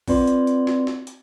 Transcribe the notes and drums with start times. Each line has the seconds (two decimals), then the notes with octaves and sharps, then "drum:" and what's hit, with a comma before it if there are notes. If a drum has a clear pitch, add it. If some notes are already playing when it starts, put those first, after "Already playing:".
0.08 C4 F4 B4 D5 C6, drum: kick, open hi-hat
0.27 drum: hi-hat
0.47 drum: hi-hat
0.67 drum: snare
0.87 drum: snare
1.07 drum: hi-hat